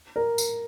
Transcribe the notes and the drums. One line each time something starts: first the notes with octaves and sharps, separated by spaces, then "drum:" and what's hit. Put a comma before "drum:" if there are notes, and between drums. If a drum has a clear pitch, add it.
A#4
drum: tambourine